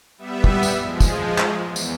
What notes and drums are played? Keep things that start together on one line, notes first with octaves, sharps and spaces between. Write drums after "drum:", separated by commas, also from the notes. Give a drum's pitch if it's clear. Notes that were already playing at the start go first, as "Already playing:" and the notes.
G3 B3 E5
drum: kick
drum: tambourine
F3 G#3
drum: kick, tambourine
drum: clap
E2
drum: tambourine